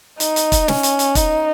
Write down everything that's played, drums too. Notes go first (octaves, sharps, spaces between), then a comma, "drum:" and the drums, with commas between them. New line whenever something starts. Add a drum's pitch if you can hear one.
D#4, drum: hi-hat
drum: hi-hat
drum: kick, hi-hat
C#4, drum: snare
drum: hi-hat
drum: hi-hat
D#4, drum: kick, hi-hat